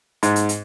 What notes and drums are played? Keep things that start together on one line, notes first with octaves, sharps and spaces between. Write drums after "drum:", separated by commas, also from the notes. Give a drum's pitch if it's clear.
G#2, drum: hi-hat
drum: hi-hat
drum: hi-hat